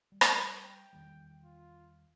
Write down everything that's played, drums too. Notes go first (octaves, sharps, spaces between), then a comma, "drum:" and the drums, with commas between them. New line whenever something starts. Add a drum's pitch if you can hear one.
G3
drum: rim click
G5
E2 D#3 G3
F4